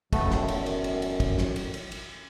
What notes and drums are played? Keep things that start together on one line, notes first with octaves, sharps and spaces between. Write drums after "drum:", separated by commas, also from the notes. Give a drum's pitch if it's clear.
E1 F#2 A2 D#3 A3 B3 A4, drum: kick, cymbal
drum: snare
drum: cymbal
drum: cymbal
drum: cymbal
drum: cymbal
drum: kick, cymbal
drum: snare
drum: cymbal
drum: cymbal
drum: cymbal